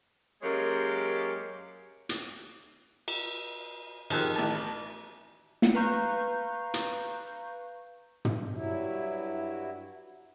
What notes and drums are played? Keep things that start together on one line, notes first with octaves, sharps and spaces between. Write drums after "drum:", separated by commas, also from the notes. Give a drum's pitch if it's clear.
F#2 G#3 A#3 G4 C#5
drum: hi-hat
drum: cymbal
D#3 F3 G4 G#4 E6 F#6, drum: cymbal
A1 A5
drum: snare
B4 F5 A#5 C#6 G6
drum: hi-hat
drum: tom
G2 F#3 E4